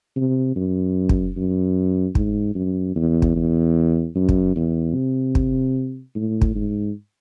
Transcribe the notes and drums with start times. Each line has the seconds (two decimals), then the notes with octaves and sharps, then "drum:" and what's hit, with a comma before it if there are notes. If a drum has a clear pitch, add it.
0.16 C3
0.56 F#2
1.09 drum: kick
1.36 F#2
2.15 G#2, drum: kick
2.55 F#2
2.96 E2
3.22 drum: kick
3.36 E2
4.15 F#2
4.29 drum: kick
4.55 E2
4.95 C3
5.35 drum: kick
6.15 A2
6.41 drum: kick
6.55 G#2